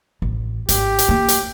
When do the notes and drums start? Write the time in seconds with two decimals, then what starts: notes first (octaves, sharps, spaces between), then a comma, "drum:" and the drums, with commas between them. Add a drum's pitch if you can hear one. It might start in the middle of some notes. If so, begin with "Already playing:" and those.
0.22 A1
0.69 G#1 G4, drum: hi-hat
0.99 drum: hi-hat
1.09 A#3 C#4
1.28 drum: hi-hat